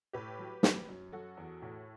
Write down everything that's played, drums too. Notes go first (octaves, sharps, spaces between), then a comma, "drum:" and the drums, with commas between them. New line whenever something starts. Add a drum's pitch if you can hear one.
A2 G4 B4
F#3
F#3, drum: snare
F#2
F#3 F#4 A4
E2
A2